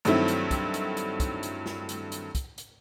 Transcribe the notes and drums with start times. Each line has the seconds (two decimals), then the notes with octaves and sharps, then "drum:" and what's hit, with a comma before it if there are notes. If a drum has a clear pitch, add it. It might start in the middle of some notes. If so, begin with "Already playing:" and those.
0.05 G2 D#3 F#3 A3 C4 E4, drum: hi-hat
0.28 drum: hi-hat
0.51 drum: kick, hi-hat
0.74 drum: hi-hat
0.97 drum: hi-hat
1.20 drum: kick, hi-hat
1.43 drum: hi-hat
1.66 drum: snare
1.89 drum: hi-hat
2.12 drum: hi-hat
2.35 drum: kick, hi-hat
2.58 drum: hi-hat